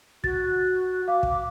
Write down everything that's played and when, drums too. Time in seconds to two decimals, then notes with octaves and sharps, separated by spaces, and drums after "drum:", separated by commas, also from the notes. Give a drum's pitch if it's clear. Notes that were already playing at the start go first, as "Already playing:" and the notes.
0.24 F#4 A6, drum: kick
1.08 F5 D6
1.23 drum: kick